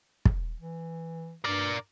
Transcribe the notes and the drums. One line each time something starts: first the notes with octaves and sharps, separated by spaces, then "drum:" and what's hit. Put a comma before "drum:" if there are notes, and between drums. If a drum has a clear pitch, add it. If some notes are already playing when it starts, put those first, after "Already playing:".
drum: kick
E3
G2 A#4 D5